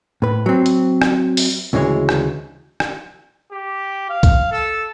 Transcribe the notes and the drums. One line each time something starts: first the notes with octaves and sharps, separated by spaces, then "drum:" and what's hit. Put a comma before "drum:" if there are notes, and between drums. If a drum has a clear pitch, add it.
A2 B4
F#3 C4
drum: hi-hat
drum: rim click
drum: open hi-hat
D2 C#3 E3 G#3 C#5
drum: rim click
drum: rim click
G4
F5
drum: kick, hi-hat
A4